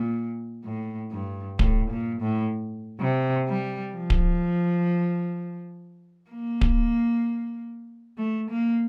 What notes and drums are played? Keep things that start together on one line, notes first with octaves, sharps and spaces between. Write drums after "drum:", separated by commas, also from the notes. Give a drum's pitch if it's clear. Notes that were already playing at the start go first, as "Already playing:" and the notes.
Already playing: A#2
A2
G2
A2, drum: kick D1
A#2
A2
C3
G3
F3
drum: kick D1
A#3
drum: kick D1
A3
A#3